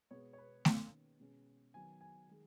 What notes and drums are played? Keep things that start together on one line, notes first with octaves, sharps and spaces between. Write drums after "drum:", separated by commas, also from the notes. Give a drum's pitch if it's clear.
B2 G#3 B3 C#5
C#5
B4
D#3 A#3 C#4, drum: snare A3
B2 G#3 C#4
D#3 F#3 B3 G#5
G#5
D#3 G#3